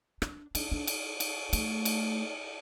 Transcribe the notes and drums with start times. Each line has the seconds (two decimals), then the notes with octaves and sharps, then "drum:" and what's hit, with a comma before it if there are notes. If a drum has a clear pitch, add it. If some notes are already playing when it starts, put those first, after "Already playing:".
0.22 D4, drum: rim click
0.55 D4, drum: cymbal
0.72 D4
0.87 drum: cymbal
1.20 drum: cymbal
1.53 A3, drum: cymbal
1.85 drum: cymbal